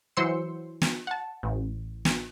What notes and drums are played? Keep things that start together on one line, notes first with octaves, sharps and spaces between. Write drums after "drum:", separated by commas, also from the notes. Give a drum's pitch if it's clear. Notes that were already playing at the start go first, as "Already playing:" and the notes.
E3 F#3 C5 C6 E6 C#7
drum: snare
F#5 A5
A1
drum: snare